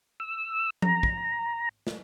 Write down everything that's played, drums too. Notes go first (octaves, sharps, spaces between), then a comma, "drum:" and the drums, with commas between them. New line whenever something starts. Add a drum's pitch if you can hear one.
E6
A#5, drum: tom F3
drum: kick
drum: snare